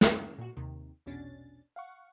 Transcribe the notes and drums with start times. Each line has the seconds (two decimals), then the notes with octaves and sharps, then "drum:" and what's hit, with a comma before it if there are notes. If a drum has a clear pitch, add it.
0.01 D3 G#3 C#4, drum: snare
0.39 A#2 F#4
0.57 D#2 C3 D#3
1.06 A#1 E2 B2 C#4 D4 A6
1.76 F5 F#5 C#6